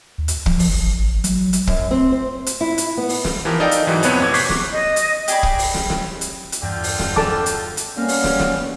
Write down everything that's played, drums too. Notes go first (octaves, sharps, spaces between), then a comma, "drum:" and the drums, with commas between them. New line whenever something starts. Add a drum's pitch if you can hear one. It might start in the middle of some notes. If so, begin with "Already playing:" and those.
D#2
drum: hi-hat
F3, drum: kick
drum: open hi-hat
G1
G1
A1
F#3, drum: hi-hat
drum: hi-hat
F#2, drum: kick
C4
C5
drum: hi-hat
E4
drum: hi-hat
B3
drum: open hi-hat
drum: snare
E3 F3 G4 A#4
D#4 A4 D5 D#5 F5 G5
drum: hi-hat
G#2 E3 F#3
F2 C3 B3 C#5 F#6 D#7, drum: hi-hat
A1 B3 D6 G#6
C#6 D6 F#6 G6 B6 C7, drum: open hi-hat
drum: snare
D#5
drum: hi-hat
G4 G#4 D5 B5, drum: hi-hat
drum: kick
drum: open hi-hat
drum: snare
drum: snare
drum: hi-hat
drum: hi-hat
E2 G2 D3 F4 G5
drum: open hi-hat
drum: snare
A4 A5 D6, drum: snare
drum: hi-hat
drum: hi-hat
G3 A#3 B3 C#4 F5
drum: open hi-hat
drum: snare
drum: snare